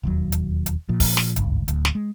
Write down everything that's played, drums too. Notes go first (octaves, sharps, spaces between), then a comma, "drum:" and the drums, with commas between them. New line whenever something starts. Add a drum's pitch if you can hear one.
E1 D#2 F#3
drum: hi-hat
drum: hi-hat
A#2 F3
drum: kick, open hi-hat
drum: snare
D1 G#1 C#2 G2, drum: hi-hat
D1 D2, drum: hi-hat
drum: snare
G#3